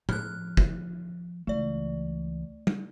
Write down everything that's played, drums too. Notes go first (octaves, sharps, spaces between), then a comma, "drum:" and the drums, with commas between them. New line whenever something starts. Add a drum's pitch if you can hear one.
F3 F6 F#6, drum: tom A2
drum: kick
C#2 E3 A3 D5
drum: tom